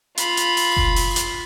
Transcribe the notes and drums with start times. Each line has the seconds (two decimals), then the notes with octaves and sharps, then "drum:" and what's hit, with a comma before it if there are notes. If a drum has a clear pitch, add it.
0.17 F4 B5, drum: hi-hat
0.37 drum: hi-hat
0.57 drum: open hi-hat
0.77 drum: kick F#1
0.96 drum: open hi-hat
1.16 drum: hi-hat